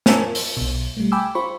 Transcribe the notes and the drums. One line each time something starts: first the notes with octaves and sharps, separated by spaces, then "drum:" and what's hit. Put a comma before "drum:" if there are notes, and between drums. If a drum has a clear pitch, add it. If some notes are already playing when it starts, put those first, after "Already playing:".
F4 A#4 C#5 G#5 A5 E6, drum: snare
drum: open hi-hat
B1 B2
G3 A3
G5 G#5 B5 D6 E6
F4 C5 B5 C#6